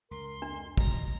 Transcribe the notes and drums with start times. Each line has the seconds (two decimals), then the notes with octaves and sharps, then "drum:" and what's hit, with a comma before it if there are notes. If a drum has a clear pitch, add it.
0.11 C#2 A#4 C6
0.42 F2 D4
0.77 F1 D2 B2 A#5, drum: kick